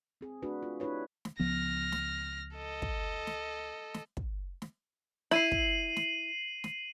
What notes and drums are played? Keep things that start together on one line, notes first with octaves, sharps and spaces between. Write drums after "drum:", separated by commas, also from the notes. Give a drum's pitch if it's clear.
C4 G#4
A3 D4 F#4 B4
F4
D4 E4 G4 B4 C#5
drum: snare
C#2 F3 B3 F6 A#6
drum: snare
A4 D#5
drum: kick
drum: snare
drum: snare
drum: kick
drum: snare
E4 C7 D#7 F#7, drum: snare
drum: kick
drum: snare
drum: snare